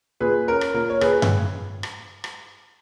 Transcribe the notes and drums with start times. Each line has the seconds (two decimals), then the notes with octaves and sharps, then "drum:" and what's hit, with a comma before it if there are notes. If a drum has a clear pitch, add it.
0.20 A#2 G#4 B4
0.48 C#4 A#4
0.61 drum: rim click
0.74 A#2 A#4
0.90 C#5
1.01 A#2 G#4 B4, drum: rim click
1.22 drum: tom G2
1.83 drum: rim click
2.24 drum: rim click